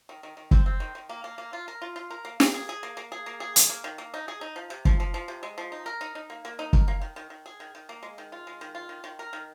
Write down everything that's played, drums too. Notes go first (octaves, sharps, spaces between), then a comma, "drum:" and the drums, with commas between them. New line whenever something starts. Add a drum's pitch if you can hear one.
D#3
D#3
D#3
C4, drum: kick
C4
D#3
D#3
A#3
A#3
A#3
F4
A#4
F4
F4
A#4
A#3
A#3, drum: snare
G#4
G#4
A#3
A#3
G#4
A#3
G#4
G#4, drum: hi-hat
A#3
D#3
A#3
D#4
G#4
D#4
F3
C3
F3, drum: kick
F3
F3
C3
G#3
F3
D#4
A#4
D#4
D#4
A#3
A#3
D#4
A#4, drum: kick
A#3
D#3
D#3
D#3
G#4
D#3
D#3
A#3
G#3
D#3
F4
G#3
D#3
F4
D#3
D#3
A#4
D#3